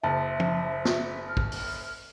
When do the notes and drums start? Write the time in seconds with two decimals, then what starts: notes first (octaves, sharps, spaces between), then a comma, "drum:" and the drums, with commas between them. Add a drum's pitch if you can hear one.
0.03 F#1 C5 E5 A5
0.40 drum: tom
0.85 drum: snare
1.28 F6
1.37 drum: kick
1.52 drum: open hi-hat